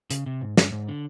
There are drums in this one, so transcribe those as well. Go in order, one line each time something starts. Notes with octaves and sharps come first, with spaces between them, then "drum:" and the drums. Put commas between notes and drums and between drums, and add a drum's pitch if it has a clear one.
C#3, drum: hi-hat
C3
G#2
G2, drum: snare
G#2
D3